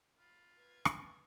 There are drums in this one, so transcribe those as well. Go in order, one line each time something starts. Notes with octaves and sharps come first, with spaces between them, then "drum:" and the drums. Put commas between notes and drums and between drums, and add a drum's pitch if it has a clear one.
F4 B5
B4 G#6
drum: rim click